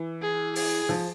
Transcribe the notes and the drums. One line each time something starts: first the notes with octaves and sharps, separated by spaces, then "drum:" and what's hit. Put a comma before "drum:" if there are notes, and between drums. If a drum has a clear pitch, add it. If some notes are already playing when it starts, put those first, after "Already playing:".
Already playing: E3
G#4
G#4, drum: open hi-hat
F3